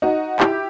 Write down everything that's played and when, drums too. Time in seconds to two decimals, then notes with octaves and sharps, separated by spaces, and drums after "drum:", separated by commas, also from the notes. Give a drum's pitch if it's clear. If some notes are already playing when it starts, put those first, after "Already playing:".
0.02 D#4 F#4
0.40 E4 G4, drum: clap